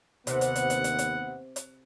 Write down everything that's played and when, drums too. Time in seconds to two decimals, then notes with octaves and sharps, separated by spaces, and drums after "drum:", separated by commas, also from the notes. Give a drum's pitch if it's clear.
0.27 D#2 C3 B3 F#5, drum: hi-hat
0.41 drum: hi-hat
0.56 drum: hi-hat
0.70 drum: hi-hat
0.84 drum: hi-hat
0.99 drum: hi-hat
1.56 drum: hi-hat